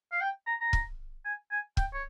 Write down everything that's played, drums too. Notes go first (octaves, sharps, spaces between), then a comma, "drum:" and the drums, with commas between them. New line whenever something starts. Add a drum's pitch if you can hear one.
F5
G5
A#5
A#5
drum: kick
G#5
G#5
G5, drum: kick
C#5